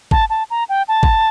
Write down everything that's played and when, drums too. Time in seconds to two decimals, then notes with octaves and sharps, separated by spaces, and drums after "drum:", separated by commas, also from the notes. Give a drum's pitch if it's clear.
0.11 A5, drum: kick
0.30 A5
0.50 A#5
0.69 G5
0.88 A5
1.03 drum: kick